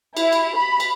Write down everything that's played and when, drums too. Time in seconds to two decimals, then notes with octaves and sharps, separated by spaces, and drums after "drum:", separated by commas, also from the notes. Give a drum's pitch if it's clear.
0.17 E4, drum: cymbal
0.32 drum: cymbal
0.56 B5
0.80 drum: cymbal